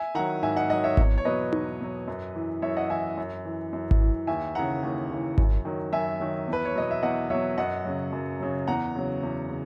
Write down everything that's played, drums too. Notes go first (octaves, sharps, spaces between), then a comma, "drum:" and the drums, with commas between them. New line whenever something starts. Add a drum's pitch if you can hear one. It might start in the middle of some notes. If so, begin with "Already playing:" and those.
Already playing: E5 G#5
D#3 F#3 F#5 A#5
G#2 E5 G#5
D#5 F#5
D#3 F#3 D#5 F#5
C#5 E5
E2 C#5, drum: kick G#1
C#5
B2 F#3 B4 D#5
E2, drum: tom D#4
B2 F#3
F#2
E3
F#2 C#5 E5
D#5 F#5
E3 E5 G#5
F#2
E3
F#2
drum: kick G#1
E3
D#2 E5 G#5
C#3 E3 F#5 A#5
D#2
C#3 E3
F#2, drum: kick G#1
D#3 F#3
F#2 E5 G#5
D#3 F#3
E2
B4
C#5
B2 F#3 D#5
E5
E2 D#5 F#5
B2 F#3 C#5 E5
F#2 D#5 F#5
C#3 F#3
F#2
C#3 F#3
E2 F#5 A#5
C#3 F#3
E2
C#3